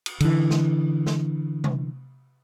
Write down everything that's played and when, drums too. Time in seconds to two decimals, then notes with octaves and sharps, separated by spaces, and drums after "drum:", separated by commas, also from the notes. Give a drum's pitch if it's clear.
0.06 drum: cymbal
0.20 D3 E3, drum: cymbal
0.50 drum: snare
1.06 drum: snare
1.64 drum: tom C3